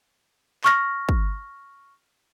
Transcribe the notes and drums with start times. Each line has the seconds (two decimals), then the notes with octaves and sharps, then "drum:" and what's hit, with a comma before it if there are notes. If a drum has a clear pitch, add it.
0.64 C#6 F6 A#6, drum: clap
1.09 drum: kick